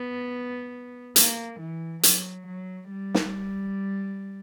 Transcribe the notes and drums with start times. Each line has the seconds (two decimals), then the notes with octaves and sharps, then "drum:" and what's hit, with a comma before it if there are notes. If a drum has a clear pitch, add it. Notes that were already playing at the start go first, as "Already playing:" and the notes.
Already playing: B3
1.16 A#3, drum: hi-hat
1.60 E3
2.03 F#3, drum: hi-hat
2.47 F#3
2.91 G3
3.14 drum: snare